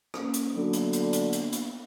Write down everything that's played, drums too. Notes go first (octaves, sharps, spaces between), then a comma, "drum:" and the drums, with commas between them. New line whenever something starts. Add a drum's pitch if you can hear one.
A#3 C#4, drum: rim click
drum: hi-hat
D3 F#3 A#3 B3 D4
drum: hi-hat
drum: hi-hat
drum: hi-hat
drum: hi-hat
drum: hi-hat